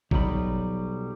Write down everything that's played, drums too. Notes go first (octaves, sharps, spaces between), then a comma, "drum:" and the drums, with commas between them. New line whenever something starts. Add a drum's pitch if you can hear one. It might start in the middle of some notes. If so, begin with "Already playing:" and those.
B1 F#3 G3 D#4 B5, drum: kick A1